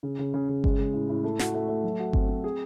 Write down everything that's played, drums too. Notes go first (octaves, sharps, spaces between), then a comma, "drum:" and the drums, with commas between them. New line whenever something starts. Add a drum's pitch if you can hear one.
C#3
C#3
C#3
C#3
G#3, drum: kick G1
G#3
A2
A2
A3
F#4, drum: snare
A3
A3
F#3
F#4
C4, drum: kick G1
C4
G#4